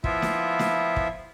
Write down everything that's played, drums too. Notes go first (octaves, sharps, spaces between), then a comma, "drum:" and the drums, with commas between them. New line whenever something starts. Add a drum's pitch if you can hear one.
F3 B3 E4 F4 E5, drum: kick
drum: snare
drum: snare
drum: kick